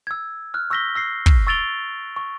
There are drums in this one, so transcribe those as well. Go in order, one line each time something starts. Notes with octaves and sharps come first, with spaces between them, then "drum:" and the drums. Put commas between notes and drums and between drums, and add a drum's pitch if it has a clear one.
E6 G#6
F6 F#6
C#6 E6 G6 A#6 B6 G7
E6 A#6 C7
drum: kick
C#6 E6 A6 D7 F7 G7
C#6